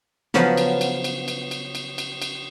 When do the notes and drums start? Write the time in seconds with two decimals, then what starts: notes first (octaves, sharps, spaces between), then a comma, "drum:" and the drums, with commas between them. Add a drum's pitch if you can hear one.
0.34 C#3 F3 F#3 B3, drum: snare
0.57 drum: cymbal
0.81 drum: cymbal
1.04 drum: cymbal
1.28 drum: cymbal
1.51 drum: cymbal
1.75 drum: cymbal
1.98 drum: cymbal
2.22 drum: cymbal